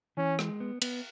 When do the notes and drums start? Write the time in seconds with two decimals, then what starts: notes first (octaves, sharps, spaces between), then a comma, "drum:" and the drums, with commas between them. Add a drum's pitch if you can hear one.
0.17 E3 C#4
0.39 G#3, drum: rim click
0.60 B3
0.82 B3, drum: cymbal